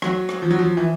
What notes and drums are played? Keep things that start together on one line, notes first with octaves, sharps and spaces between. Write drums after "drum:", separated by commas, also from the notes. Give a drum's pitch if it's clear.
F#3, drum: rim click
drum: rim click
F3
F#3
F3
E3